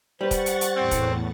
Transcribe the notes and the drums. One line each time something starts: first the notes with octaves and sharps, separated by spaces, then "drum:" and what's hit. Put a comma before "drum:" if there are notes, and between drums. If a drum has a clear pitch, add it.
G3 B4 C5 F#5 C#6 A6
drum: kick, hi-hat
drum: hi-hat
drum: hi-hat
E2 A2 C4
drum: kick, hi-hat